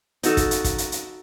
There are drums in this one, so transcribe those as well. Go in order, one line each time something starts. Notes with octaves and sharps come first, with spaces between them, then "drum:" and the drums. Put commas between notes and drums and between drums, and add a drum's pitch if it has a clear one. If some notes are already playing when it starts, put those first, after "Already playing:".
D#4 F#4 A4, drum: hi-hat
drum: kick, hi-hat
drum: hi-hat
drum: kick, hi-hat
drum: hi-hat
drum: hi-hat